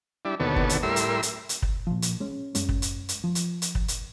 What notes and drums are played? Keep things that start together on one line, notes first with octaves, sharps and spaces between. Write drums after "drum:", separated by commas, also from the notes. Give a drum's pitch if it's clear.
G3 D4 E4
D#2 B2 D3 B3 A4 C#5
drum: kick
drum: hi-hat
A2 G3 E4 A#4 C6 E6
drum: hi-hat
drum: hi-hat
drum: hi-hat
drum: kick
A#2 F3
drum: hi-hat
G#3 C#4
F#2 G#3 C#4, drum: hi-hat
drum: kick
drum: hi-hat
drum: hi-hat
F3
drum: hi-hat
drum: hi-hat
drum: kick
drum: hi-hat